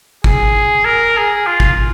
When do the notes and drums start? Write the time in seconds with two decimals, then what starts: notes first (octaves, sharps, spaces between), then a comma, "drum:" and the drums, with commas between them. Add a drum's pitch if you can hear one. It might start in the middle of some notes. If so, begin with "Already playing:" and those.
0.24 G#4, drum: kick
0.85 A#4
1.17 G#4
1.46 F4
1.60 drum: kick